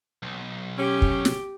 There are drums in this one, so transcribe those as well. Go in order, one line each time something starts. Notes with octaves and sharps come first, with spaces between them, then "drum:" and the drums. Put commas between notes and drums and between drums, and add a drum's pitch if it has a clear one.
B1
C#4 G4
drum: kick
drum: snare